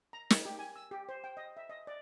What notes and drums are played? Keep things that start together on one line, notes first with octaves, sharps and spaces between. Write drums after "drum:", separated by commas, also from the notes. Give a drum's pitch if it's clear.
A#5
A#4, drum: snare
G4
G#5
E6
G4
C5
G5
D#5
E5
D#5
D5